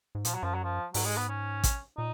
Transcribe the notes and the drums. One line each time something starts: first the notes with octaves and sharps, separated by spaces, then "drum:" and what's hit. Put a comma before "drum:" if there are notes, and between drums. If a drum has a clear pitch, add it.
G#2
A#2 F3, drum: hi-hat
F#3
F#2 F3
F#3
F3
G#2 F#3, drum: open hi-hat
G#3
B3
C#4
drum: kick A1, hi-hat
A#2 D#4